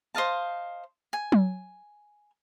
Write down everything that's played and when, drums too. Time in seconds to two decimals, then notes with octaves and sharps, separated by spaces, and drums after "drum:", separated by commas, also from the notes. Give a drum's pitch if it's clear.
0.15 C5 D#5 F5 A5
1.13 G#5
1.32 drum: tom F#3